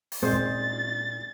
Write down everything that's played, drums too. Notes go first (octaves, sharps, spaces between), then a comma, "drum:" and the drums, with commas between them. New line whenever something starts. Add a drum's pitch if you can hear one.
drum: open hi-hat
A#2 G#3 C4 C#4 C5 A6
drum: kick G#1